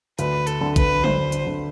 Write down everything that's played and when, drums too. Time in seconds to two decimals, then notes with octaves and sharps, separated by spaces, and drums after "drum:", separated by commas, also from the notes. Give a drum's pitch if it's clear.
0.19 D2 B4, drum: hi-hat
0.47 A4, drum: hi-hat
0.61 D3
0.76 B4, drum: kick A1, hi-hat
1.04 D3 C5, drum: tom
1.32 drum: hi-hat
1.47 D3